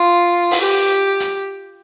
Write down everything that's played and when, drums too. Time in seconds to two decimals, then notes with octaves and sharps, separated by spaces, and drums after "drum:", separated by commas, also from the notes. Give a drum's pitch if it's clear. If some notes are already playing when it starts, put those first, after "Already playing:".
Already playing: F4
0.51 drum: open hi-hat
0.61 G4
1.20 drum: hi-hat